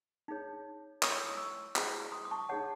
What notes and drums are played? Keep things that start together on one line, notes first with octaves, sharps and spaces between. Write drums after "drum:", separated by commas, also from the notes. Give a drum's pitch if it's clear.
D#4 G#4 C#5
E4 A4 C#5, drum: clap
E6
D#6
C#6 E6
E4 G#4 C5, drum: clap
C6 D#6
D#6
A5 C#6
D#4 G#4 C#5 F#5 A5